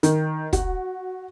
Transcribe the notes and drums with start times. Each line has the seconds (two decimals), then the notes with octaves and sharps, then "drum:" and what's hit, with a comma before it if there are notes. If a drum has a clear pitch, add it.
0.03 D#3, drum: hi-hat
0.53 F#4, drum: kick, hi-hat